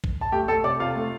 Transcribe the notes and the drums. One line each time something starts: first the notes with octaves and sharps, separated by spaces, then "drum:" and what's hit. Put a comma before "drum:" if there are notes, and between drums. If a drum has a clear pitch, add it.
drum: kick
A5
A3 G4 G5
A3 A4 A5
C3 D5 D6
C3 F4 F5
A3